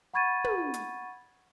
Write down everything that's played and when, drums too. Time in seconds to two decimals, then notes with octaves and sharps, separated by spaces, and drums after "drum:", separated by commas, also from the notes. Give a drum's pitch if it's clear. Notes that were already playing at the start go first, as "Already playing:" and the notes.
0.14 F#5 B5 C#6 G#6 A6 D#7
0.44 drum: tom
0.74 drum: hi-hat